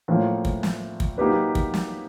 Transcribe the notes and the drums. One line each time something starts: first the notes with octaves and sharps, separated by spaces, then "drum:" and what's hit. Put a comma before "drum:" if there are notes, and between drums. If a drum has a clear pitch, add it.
A2 F3 A#3 C#4 F4
drum: kick
drum: snare
drum: kick
F#3 A#3 D#4 G4 B4
drum: kick
drum: snare